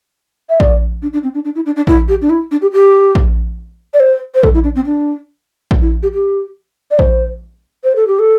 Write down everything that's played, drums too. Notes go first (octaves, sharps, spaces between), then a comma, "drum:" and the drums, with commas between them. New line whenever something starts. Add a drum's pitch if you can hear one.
E5
D5, drum: kick A#1
D4
D4
C4
D4
D4
E4
D4
D4
E4, drum: kick A#1
G4
D4
E4
D4
G4
G4
drum: kick A#1
D5
C5
C5
A4, drum: kick A#1
E4
D4
C4
D4
drum: kick A#1
E4
G4
G4
D5
C5, drum: kick A#1
C5
A4
G4
A4